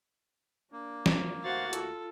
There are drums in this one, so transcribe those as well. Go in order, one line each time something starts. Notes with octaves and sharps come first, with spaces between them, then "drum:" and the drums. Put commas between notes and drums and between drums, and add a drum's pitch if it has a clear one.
A#3 D4
drum: snare
D#2 A3 F#4 C5 F5 F#5 A6
F4 A4, drum: hi-hat